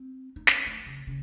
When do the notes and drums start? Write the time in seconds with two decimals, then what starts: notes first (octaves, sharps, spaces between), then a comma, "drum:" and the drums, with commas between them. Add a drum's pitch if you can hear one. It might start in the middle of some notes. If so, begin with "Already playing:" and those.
Already playing: C4
0.36 D#4
0.47 C#4, drum: snare
0.66 A3
0.86 C#3
1.07 C#3